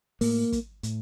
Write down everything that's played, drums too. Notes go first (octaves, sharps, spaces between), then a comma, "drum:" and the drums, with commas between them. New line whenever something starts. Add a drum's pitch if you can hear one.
A2 A#3, drum: open hi-hat
drum: kick, hi-hat
A2, drum: hi-hat